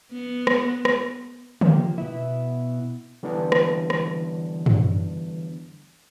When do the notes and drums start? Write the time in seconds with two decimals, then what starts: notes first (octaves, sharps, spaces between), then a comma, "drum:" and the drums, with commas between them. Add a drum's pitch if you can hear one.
0.12 B3
0.47 drum: rim click
0.85 drum: rim click
1.61 F3 A#3 G4, drum: tom
1.98 B2 B3 E4
3.23 D3 E3 G3 B3 D4
3.52 drum: rim click
3.90 drum: rim click
4.66 drum: tom